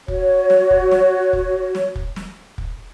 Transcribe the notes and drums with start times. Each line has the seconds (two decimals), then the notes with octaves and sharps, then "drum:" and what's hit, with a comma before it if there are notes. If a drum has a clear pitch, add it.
0.08 F#4 C#5, drum: kick
0.50 drum: snare
0.71 drum: kick
0.91 drum: snare
1.33 drum: kick
1.75 drum: snare
1.96 drum: kick
2.16 drum: snare
2.58 drum: kick